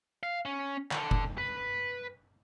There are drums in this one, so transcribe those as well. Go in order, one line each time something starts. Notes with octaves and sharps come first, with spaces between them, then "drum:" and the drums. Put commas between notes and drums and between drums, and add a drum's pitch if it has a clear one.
F5
C#4
D3, drum: clap
drum: kick F1
B4